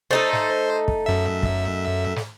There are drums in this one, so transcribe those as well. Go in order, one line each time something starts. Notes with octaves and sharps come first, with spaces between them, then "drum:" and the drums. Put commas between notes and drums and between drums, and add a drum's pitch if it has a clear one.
A3 D#4 A4 C5
drum: snare
drum: kick
F#2 E5
drum: kick
drum: snare